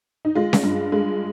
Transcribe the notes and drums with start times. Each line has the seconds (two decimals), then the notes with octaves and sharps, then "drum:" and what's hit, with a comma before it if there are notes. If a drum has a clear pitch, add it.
0.25 D#4
0.35 G#3 F4
0.53 drum: snare C#4
0.64 G2
0.92 G#3